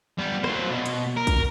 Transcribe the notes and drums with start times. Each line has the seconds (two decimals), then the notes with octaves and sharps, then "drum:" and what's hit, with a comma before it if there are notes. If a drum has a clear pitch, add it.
0.18 G3 B3
0.44 F#3 C5, drum: rim click
0.70 B2
0.86 drum: hi-hat
1.16 A#4
1.27 drum: kick, hi-hat